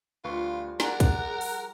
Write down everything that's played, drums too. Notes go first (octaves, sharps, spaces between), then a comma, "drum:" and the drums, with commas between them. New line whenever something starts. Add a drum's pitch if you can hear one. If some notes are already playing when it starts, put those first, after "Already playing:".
D2 F3 G3 F4 B4 C#6
G#4 A#4 D5 F#5 G#5 A#5 F#6, drum: snare
drum: kick, hi-hat
drum: open hi-hat